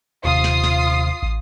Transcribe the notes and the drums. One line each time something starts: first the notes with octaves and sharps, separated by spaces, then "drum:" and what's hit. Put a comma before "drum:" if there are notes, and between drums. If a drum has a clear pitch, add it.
D#1 C3 F4 D#6 C7
drum: snare
drum: snare
drum: kick